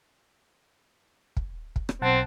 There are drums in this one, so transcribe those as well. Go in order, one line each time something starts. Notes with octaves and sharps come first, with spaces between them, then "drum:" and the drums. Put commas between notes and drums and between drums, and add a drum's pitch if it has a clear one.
drum: kick
drum: kick
drum: rim click
B1 C4 F#5 A5